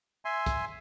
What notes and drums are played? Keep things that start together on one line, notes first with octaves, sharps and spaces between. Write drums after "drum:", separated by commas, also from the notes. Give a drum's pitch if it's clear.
E5 G#5 C6
drum: kick, hi-hat